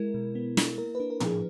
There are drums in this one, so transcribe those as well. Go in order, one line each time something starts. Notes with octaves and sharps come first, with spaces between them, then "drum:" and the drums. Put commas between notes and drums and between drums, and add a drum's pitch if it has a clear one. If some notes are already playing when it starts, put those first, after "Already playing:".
Already playing: G#3 E4 A#4
B2
B3
E4, drum: snare
A#3 A#4
B4
D4
A#4
F3, drum: tom
G#4